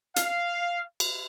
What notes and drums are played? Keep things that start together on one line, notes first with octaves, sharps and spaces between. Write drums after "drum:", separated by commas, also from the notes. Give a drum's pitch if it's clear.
F5, drum: hi-hat
drum: cymbal